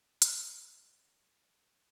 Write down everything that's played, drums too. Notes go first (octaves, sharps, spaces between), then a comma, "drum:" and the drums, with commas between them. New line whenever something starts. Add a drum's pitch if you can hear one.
C#3
D#3, drum: hi-hat
F3
F#3
F#3